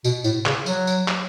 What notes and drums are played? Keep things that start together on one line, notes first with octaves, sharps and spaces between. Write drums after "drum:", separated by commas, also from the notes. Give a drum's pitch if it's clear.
B2, drum: tambourine
A2, drum: tambourine
C#3, drum: clap
F#3, drum: tambourine
drum: tambourine
drum: clap